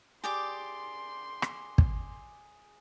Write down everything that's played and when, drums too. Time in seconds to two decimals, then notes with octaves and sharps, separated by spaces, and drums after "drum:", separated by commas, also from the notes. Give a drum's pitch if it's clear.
0.24 G4 G#4 D5 C6 D6
1.42 drum: rim click
1.78 drum: kick